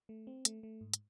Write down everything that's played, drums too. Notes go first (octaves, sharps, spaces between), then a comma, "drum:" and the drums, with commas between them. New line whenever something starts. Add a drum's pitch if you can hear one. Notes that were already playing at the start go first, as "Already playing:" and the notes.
A3
C4
A3, drum: hi-hat
A3
G#2
drum: hi-hat